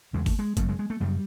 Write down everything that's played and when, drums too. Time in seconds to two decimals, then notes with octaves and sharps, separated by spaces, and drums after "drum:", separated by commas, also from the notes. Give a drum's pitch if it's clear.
0.13 E2 C#3 G#3
0.26 A3, drum: kick G1, open hi-hat
0.39 G#3
0.57 F#2 C#3 A3, drum: kick G1, hi-hat
0.69 G#3
0.79 G#3
0.90 A3
1.00 F#2 C#3 G3